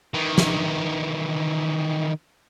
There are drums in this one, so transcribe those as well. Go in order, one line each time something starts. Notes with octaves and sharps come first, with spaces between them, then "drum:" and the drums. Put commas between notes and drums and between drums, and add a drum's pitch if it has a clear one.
D#3 E3
drum: snare